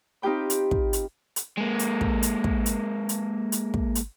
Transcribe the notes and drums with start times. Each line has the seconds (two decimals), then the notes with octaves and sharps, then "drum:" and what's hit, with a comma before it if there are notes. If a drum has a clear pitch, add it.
0.22 C4 D#4 F4 G4 G5 B5
0.50 drum: hi-hat
0.71 drum: kick
0.93 drum: hi-hat
1.36 drum: hi-hat
1.58 G#3 A#3
1.79 drum: hi-hat
2.01 drum: kick
2.23 drum: hi-hat
2.44 drum: kick
2.66 drum: hi-hat
3.09 drum: hi-hat
3.52 drum: hi-hat
3.74 drum: kick
3.95 drum: hi-hat